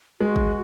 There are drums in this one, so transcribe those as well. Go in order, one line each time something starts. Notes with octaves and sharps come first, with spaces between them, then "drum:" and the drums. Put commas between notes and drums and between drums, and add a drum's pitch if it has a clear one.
G#3 F#4
drum: kick